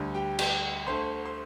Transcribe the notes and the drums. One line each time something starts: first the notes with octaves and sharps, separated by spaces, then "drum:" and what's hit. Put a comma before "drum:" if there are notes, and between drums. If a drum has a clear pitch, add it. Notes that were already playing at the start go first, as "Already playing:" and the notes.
Already playing: D2 D3 G3
G4 G5
G4 G5, drum: cymbal
D2 D3 A3 C5 C6
C6